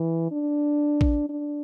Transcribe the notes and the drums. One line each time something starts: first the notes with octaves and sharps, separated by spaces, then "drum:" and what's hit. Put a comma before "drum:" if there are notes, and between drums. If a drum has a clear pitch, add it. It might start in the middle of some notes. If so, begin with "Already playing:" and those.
Already playing: E3
D4
drum: kick A1
D4